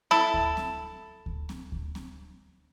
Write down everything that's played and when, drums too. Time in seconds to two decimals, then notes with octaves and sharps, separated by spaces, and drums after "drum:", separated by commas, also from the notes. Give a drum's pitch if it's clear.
0.11 E4 A4, drum: snare C4
0.34 drum: kick D2
0.57 drum: snare C4
1.26 drum: kick D2
1.49 drum: snare C4
1.72 drum: kick D2
1.95 drum: snare C4